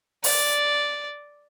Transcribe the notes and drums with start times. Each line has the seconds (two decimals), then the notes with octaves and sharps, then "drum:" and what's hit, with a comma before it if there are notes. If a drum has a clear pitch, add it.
0.24 D5, drum: open hi-hat